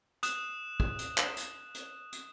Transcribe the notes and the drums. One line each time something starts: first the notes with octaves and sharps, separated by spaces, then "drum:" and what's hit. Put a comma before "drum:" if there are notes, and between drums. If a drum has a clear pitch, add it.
D#6 F#6 E7, drum: hi-hat
drum: kick
drum: hi-hat
drum: clap
drum: hi-hat
drum: hi-hat
drum: hi-hat